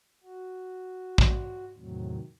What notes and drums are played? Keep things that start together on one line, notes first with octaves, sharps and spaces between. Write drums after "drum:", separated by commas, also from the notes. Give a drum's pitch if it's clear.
F#4
drum: kick
E2 A2 C3 D#3 F#3